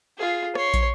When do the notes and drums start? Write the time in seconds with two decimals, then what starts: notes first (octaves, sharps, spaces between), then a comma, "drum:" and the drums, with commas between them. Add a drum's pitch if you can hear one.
0.17 F4 G#4
0.55 C#5 C6, drum: rim click
0.74 drum: kick, hi-hat